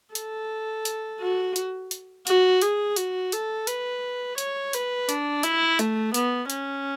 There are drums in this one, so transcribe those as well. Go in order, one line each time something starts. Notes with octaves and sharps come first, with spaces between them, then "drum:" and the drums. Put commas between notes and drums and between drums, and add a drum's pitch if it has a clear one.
A4, drum: hi-hat
drum: hi-hat
F#4
drum: hi-hat
drum: hi-hat
F#4, drum: hi-hat
G#4, drum: hi-hat
F#4, drum: hi-hat
A4, drum: hi-hat
B4, drum: hi-hat
C#5, drum: hi-hat
B4, drum: hi-hat
D4, drum: hi-hat
E4, drum: hi-hat
A3, drum: hi-hat
B3, drum: hi-hat
C#4, drum: hi-hat